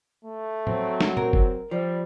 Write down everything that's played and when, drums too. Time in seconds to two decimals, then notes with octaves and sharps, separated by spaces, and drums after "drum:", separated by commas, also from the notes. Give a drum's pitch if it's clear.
0.25 A3
0.67 F#3 C4, drum: tom A2
1.01 drum: snare
1.17 A#4, drum: tom A#2
1.33 drum: kick
1.71 F3 G3